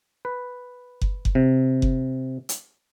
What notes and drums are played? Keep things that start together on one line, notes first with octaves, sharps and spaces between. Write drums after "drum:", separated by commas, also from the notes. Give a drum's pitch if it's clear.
B4
drum: kick F#1
drum: kick F#1
C3
drum: kick F#1
drum: hi-hat